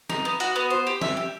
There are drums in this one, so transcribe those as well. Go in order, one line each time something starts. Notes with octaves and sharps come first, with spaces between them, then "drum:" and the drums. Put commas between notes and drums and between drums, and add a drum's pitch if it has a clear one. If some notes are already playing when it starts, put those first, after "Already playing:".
D#4, drum: snare
B3
F#4, drum: hi-hat
B3
C5
G4
E5, drum: snare
G4